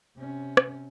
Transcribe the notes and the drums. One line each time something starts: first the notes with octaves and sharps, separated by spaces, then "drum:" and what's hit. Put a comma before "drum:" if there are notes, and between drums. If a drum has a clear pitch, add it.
C3 C#4
drum: rim click